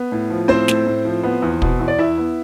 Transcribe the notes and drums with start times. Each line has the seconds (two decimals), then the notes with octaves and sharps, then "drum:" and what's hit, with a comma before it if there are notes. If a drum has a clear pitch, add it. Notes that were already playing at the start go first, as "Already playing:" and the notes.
Already playing: B3
0.12 A2
0.30 F3
0.48 A2 C4 C5
0.68 A2, drum: snare
0.86 A2
1.05 F3
1.23 B3
1.42 E2
1.62 B2, drum: kick
1.80 E2
1.88 D5
1.98 E2 E4 E5
2.18 B3